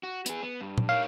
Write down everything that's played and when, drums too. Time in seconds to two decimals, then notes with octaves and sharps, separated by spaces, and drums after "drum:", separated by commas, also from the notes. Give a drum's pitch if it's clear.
0.03 F#4
0.26 B3 G#4, drum: hi-hat
0.43 B3
0.61 G2
0.78 drum: tom A#2
0.89 D#4 A#4 C#5 F5